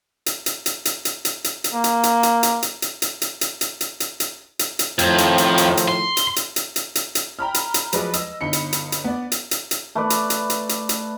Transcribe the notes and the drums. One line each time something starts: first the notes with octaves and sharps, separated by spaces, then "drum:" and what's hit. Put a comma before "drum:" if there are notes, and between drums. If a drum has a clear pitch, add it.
drum: hi-hat
drum: hi-hat
drum: hi-hat
drum: hi-hat
drum: hi-hat
drum: hi-hat
drum: hi-hat
drum: hi-hat
A#3
drum: hi-hat
drum: hi-hat
drum: hi-hat
drum: hi-hat
drum: hi-hat
drum: hi-hat
drum: hi-hat
drum: hi-hat
drum: hi-hat
drum: hi-hat
drum: hi-hat
drum: hi-hat
drum: hi-hat
drum: hi-hat
drum: hi-hat
F2 A2 D#3 F3, drum: hi-hat
drum: hi-hat
drum: hi-hat
drum: hi-hat
drum: hi-hat
C6
drum: hi-hat
drum: hi-hat
drum: hi-hat
drum: hi-hat
drum: hi-hat
drum: hi-hat
G5 A#5 B5 F6
drum: hi-hat
drum: hi-hat
F3 F#3 G#3 B4 D5 D#5, drum: hi-hat
D#5 E6, drum: hi-hat
G1 D#4 B5 C#7
drum: hi-hat
drum: hi-hat
drum: hi-hat
B3 D5
drum: hi-hat
drum: hi-hat
drum: hi-hat
A3 B4 D5
drum: hi-hat
drum: hi-hat
drum: hi-hat
drum: hi-hat
drum: hi-hat